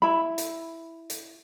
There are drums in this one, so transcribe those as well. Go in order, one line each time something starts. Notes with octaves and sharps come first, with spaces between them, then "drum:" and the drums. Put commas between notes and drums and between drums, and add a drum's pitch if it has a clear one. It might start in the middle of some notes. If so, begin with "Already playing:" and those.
E4 B5
drum: hi-hat
drum: hi-hat